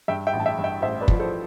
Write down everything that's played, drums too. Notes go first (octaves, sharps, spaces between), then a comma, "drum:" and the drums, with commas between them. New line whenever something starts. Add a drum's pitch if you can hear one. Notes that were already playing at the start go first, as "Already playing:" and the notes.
G2 E5 G5
E5 G5
A1
A5
E5 G5
G2
E5 G5
A1 C5 E5
B4 D5
F3, drum: kick
A4 C5